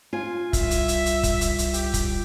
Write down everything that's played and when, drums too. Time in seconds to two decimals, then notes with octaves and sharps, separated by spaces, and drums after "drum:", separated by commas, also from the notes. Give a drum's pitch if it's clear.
0.13 F4 G#5
0.53 C2 E5, drum: kick, hi-hat
0.71 drum: hi-hat
0.88 drum: hi-hat
1.06 drum: hi-hat
1.23 drum: kick, hi-hat
1.41 drum: hi-hat
1.58 drum: hi-hat
1.74 G4, drum: hi-hat
1.94 drum: kick, hi-hat